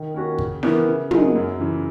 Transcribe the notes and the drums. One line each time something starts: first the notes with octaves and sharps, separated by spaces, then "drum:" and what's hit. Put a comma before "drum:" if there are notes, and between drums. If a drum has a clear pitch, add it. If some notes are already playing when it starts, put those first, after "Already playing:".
Already playing: D#3
A#3 C#4 F#4
C#3, drum: kick
E3 B3 E4 A#4, drum: snare
C#3
F#3 A#3 D#4 G#4, drum: tom
F#2
C#3 E3